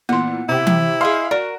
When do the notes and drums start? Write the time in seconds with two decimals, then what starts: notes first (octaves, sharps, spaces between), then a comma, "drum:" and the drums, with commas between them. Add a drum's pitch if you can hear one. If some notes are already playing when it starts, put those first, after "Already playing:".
0.09 A#2 E3 B3 F#5 C6
0.49 C3 E4 G4
0.67 drum: tom E3
1.01 G#4 D#5 F5 C6
1.31 F#4 A#4 D5